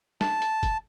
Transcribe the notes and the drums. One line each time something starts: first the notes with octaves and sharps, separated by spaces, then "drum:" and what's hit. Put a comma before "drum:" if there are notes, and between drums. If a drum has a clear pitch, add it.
A5, drum: snare
drum: hi-hat
drum: kick, hi-hat